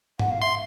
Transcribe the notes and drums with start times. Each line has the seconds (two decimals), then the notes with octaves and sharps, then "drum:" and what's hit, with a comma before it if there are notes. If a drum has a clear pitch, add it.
0.19 F#5, drum: tom G#2
0.30 F5
0.41 E5 C6